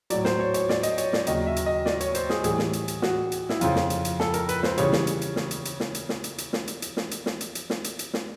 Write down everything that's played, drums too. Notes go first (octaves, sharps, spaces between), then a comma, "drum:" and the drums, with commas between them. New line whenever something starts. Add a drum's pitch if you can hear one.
A2 F#3 D5, drum: hi-hat
C5, drum: snare
C#5
C#5, drum: hi-hat
D5, drum: snare
D#5, drum: hi-hat
C#5, drum: hi-hat
D5, drum: snare
D#2 C#3 F#3 D#5, drum: hi-hat
E5
drum: hi-hat
D#5
D5, drum: snare
C#5, drum: hi-hat
C5, drum: hi-hat
G#4, drum: snare
A2 E3 G3 G#4, drum: hi-hat
drum: snare
drum: hi-hat
drum: hi-hat
F#4, drum: snare
drum: hi-hat
E4, drum: snare
F2 C#3 F3 F4, drum: hi-hat
drum: snare
drum: hi-hat
drum: hi-hat
A4, drum: snare
A#4, drum: hi-hat
B4, drum: hi-hat
C5, drum: snare
C#3 E3 G3 C#5, drum: hi-hat
drum: snare
drum: hi-hat
drum: hi-hat
drum: snare
drum: hi-hat
drum: hi-hat
drum: snare
drum: hi-hat
drum: snare
drum: hi-hat
drum: hi-hat
drum: snare
drum: hi-hat
drum: hi-hat
drum: snare
drum: hi-hat
drum: snare
drum: hi-hat
drum: hi-hat
drum: snare
drum: hi-hat
drum: hi-hat
drum: snare